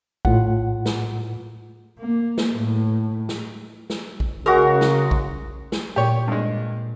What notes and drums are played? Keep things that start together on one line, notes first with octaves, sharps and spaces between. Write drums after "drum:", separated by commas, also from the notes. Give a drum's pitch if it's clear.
A2 F4 F#5, drum: kick A#1
drum: snare
A#3
drum: snare
A2
drum: snare
drum: snare
drum: kick A#1
C#3 G#3 F#4 A#4
drum: snare
drum: kick A#1
drum: snare
A#2 G4 C#5
G2 G#3